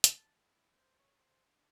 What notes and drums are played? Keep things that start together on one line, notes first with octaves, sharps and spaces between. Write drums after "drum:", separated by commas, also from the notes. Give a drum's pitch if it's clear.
E4, drum: hi-hat
A5
E4
C5
C#5
C5
D4